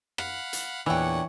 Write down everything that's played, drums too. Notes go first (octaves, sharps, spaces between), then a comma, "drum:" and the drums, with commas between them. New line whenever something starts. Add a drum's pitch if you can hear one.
F5 F#5 B5, drum: rim click
drum: hi-hat
E2 A#2 E3 D4 G4 C#5 F#5 C#6